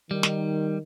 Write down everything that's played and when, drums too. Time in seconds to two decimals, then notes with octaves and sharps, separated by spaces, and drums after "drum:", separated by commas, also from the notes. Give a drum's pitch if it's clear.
0.11 D#3 G3
0.23 drum: snare